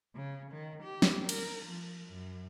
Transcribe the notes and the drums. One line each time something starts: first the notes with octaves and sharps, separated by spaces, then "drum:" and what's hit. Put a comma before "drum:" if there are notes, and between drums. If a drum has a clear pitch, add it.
C#3
D#3
G4
drum: snare
A#4, drum: cymbal
F3
F#2